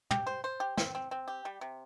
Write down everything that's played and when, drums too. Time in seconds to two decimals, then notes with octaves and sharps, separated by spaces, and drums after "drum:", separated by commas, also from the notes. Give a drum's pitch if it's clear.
0.11 G4, drum: tom
0.27 C5
0.44 C5
0.60 G4
0.77 C4, drum: snare
0.95 C4
1.11 C4
1.28 G4
1.45 G3
1.61 C3